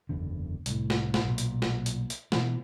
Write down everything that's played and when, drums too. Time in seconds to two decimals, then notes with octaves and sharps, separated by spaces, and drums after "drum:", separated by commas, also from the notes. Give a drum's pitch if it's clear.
0.09 F#1 E2 D3
0.66 C2 A2, drum: hi-hat
0.90 drum: snare
1.14 drum: snare
1.24 B1 A#2
1.38 drum: hi-hat
1.62 drum: snare
1.86 drum: hi-hat
2.10 drum: hi-hat
2.32 B2 E3, drum: snare